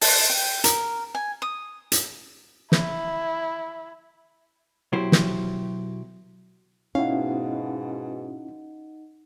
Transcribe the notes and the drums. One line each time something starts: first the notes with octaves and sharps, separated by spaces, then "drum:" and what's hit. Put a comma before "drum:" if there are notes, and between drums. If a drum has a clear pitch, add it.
A5, drum: open hi-hat
G5
A#4, drum: hi-hat
G#5
D#6
drum: hi-hat
E4, drum: snare
B1 B2 F#3 E4 G4 C5
drum: snare
G#2 B2 C#4 D#4 E4 D#5 F5 F#5